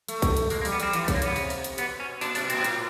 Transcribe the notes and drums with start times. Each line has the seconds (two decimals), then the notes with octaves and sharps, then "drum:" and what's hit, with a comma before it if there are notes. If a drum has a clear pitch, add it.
0.08 A3, drum: hi-hat
0.22 drum: kick, hi-hat
0.37 drum: hi-hat
0.50 G#3 A#3, drum: open hi-hat
0.61 A#3
0.65 G3, drum: open hi-hat
0.72 B3
0.80 G3 C4, drum: hi-hat
0.93 E3 B3, drum: hi-hat
1.04 A3
1.08 C#3, drum: kick, hi-hat
1.15 A#3
1.22 C#3 B3, drum: hi-hat
1.36 C3, drum: open hi-hat
1.50 drum: open hi-hat
1.64 drum: hi-hat
1.78 B2 B3, drum: hi-hat
2.00 C#4
2.21 A#2 D4, drum: open hi-hat
2.35 C3 D4, drum: open hi-hat
2.44 B2
2.50 A#2 C4, drum: hi-hat
2.64 A2, drum: hi-hat